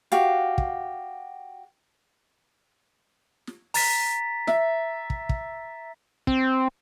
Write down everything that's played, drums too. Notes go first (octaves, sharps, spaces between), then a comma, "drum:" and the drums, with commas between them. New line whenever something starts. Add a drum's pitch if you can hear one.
F#4 G4 F5, drum: hi-hat
drum: kick
drum: snare
A#5 A6 B6, drum: open hi-hat
E5, drum: snare
drum: kick
drum: kick
C4, drum: kick